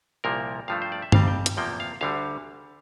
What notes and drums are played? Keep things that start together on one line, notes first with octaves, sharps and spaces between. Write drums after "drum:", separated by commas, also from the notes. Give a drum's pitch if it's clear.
C2 A#2 F3 A#3 A#4
G2 F3 A3 F5
C5
D5
E5
F2 C3 G3 C4 F5, drum: tom G2
G5
drum: hi-hat
E2 C3 F3 A#3 G5
F5
D2 D3 G3 F5